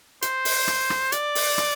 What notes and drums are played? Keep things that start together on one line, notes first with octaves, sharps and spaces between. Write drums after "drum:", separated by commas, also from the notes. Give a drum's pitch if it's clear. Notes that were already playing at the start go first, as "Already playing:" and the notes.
C5, drum: hi-hat
drum: open hi-hat
drum: rim click
drum: rim click
D5, drum: hi-hat
drum: open hi-hat
drum: rim click